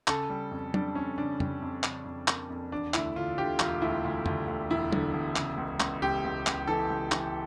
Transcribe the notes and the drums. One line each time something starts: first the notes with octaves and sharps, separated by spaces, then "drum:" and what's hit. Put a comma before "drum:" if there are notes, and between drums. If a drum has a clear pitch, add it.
C#3 A4, drum: clap
G3
F2
G3 D4, drum: tom
F2 C#4
C#3 D4
G3, drum: tom
F2
C#3, drum: clap
F2
A#3, drum: clap
F2
E1 D4
D2 E4, drum: clap
D3 F4
D3 G4
E1 F4, drum: clap
D2 E4
D2
D2, drum: tom
D2
E1 E4
D3, drum: tom
E1
C#3, drum: clap
C#2
C#2, drum: clap
C#2 G4
C#2
C#2, drum: clap
E3 A4
C#2
E3, drum: clap